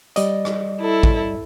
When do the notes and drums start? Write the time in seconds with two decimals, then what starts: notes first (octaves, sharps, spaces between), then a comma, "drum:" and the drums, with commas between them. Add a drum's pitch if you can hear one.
0.16 G3 D5 D#5, drum: hi-hat
0.45 drum: rim click
0.81 E4 A4
1.03 drum: kick